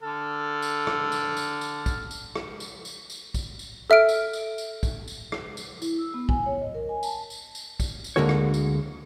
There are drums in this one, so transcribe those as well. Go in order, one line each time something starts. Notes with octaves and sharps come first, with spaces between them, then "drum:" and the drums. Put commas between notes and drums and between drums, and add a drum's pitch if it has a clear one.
D3 A4 F6
drum: tambourine
drum: rim click
drum: tambourine
drum: tambourine
drum: tambourine
drum: kick B1, tambourine
drum: tambourine
drum: rim click
drum: tambourine
drum: tambourine
drum: tambourine
drum: kick B1, tambourine
drum: tambourine
A4 E5 F6 D7
drum: tambourine
drum: tambourine
drum: tambourine
drum: kick B1, tambourine
drum: tambourine
drum: rim click
drum: tambourine
E4, drum: tambourine
E6
B3
G#5, drum: kick B1
C#5
D#5
A#4
G#5
A5, drum: tambourine
drum: tambourine
drum: tambourine
drum: kick B1, tambourine
drum: tambourine
D2 D3 G#3 A#3 F#4 C#5
drum: rim click
drum: tambourine